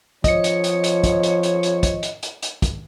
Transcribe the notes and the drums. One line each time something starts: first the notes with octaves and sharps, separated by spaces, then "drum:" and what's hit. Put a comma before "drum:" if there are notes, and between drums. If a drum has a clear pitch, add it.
F3 C#5 D#5 C#7, drum: kick, hi-hat
drum: hi-hat
drum: hi-hat
drum: hi-hat
drum: kick, hi-hat
drum: hi-hat
drum: hi-hat
drum: hi-hat
drum: kick, hi-hat
drum: hi-hat
drum: hi-hat
drum: hi-hat
drum: kick, hi-hat